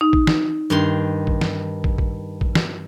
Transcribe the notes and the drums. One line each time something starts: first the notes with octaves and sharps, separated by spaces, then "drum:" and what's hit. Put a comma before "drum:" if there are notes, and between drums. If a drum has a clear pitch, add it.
D#4
drum: kick
drum: snare
G2 D#3 C6
drum: kick
drum: snare
drum: kick
drum: kick
drum: kick
drum: snare